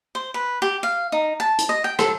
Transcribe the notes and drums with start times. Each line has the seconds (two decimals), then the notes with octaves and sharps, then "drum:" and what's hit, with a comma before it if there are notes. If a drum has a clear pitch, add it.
0.15 C5
0.34 B4
0.62 G4
0.83 F5
1.12 D#4
1.40 A5
1.59 drum: hi-hat
1.69 D#5
1.84 G5
1.99 A4, drum: rim click